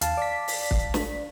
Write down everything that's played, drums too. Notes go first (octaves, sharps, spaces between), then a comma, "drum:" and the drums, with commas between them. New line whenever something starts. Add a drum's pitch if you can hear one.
D#2 F5 A5, drum: hi-hat
D5 B6
drum: open hi-hat
drum: kick
drum: snare